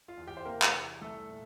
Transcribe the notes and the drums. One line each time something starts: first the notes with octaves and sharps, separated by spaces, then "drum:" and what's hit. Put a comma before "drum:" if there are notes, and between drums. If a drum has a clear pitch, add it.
F4 F5
E2
G4 G5
C5
C3 A#3 A#4
drum: clap
E2 G4
C2 A3 A4
A#2